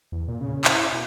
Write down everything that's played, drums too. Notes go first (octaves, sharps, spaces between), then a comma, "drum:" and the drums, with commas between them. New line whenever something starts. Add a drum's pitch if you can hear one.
E2
A#2
C#3
E4, drum: clap
B2